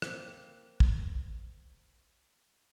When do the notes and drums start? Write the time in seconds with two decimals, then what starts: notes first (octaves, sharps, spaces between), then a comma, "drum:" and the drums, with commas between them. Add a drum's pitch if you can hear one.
0.02 A#3 C4, drum: rim click
0.80 drum: kick